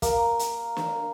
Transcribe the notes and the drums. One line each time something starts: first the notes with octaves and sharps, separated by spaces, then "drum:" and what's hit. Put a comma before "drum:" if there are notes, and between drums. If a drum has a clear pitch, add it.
A#3, drum: kick, hi-hat
drum: hi-hat
drum: snare